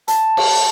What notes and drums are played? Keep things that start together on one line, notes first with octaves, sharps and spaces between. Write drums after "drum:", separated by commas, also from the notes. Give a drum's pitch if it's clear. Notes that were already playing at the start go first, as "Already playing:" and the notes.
A5, drum: hi-hat
drum: cymbal